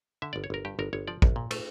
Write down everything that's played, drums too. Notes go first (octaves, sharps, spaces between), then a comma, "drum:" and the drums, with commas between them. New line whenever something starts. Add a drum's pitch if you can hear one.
D3 E5
G1 D5
C#5
G1 A#4
G2 G4
G1 A#4
G1 C#5
F3 D5
A#1, drum: kick
A#2
A3, drum: cymbal